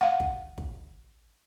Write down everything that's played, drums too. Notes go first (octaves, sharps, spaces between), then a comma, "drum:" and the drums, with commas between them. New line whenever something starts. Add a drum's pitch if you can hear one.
F5 F#5
drum: kick
drum: kick